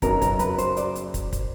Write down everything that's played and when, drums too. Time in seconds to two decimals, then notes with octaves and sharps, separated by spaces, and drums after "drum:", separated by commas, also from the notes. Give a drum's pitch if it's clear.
0.02 F#1 F#2 D#3 F#3 B3 A#4, drum: kick, hi-hat
0.22 A#4, drum: kick, hi-hat
0.39 B4, drum: hi-hat
0.58 C5, drum: hi-hat
0.77 C5 D5, drum: hi-hat
0.95 drum: hi-hat
1.14 drum: kick, hi-hat
1.33 drum: kick, hi-hat